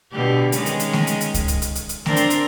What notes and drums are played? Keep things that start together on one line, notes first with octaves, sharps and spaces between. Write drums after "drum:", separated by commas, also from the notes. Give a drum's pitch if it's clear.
B2 D3 G4
D#3 G#3 C#4, drum: hi-hat
drum: hi-hat
drum: hi-hat
drum: snare A3
drum: hi-hat
drum: hi-hat
drum: kick C#2, hi-hat
drum: hi-hat
drum: hi-hat
drum: hi-hat
drum: hi-hat
C4 D4 A#4, drum: snare A3
drum: hi-hat
drum: hi-hat